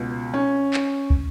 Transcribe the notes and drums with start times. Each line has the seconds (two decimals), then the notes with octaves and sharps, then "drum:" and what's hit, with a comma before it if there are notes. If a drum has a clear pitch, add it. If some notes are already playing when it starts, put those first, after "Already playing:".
Already playing: C#2 B2
0.34 C#4
0.74 drum: clap
1.10 drum: kick